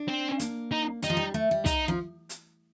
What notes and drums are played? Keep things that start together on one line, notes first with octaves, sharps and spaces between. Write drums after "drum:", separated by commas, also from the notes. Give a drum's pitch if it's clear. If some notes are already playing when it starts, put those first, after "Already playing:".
Already playing: D4
C4
A#3, drum: hi-hat
D#4
G3 D#4, drum: hi-hat
F3
G3
A3
G3
D#4, drum: kick, hi-hat
F3
drum: hi-hat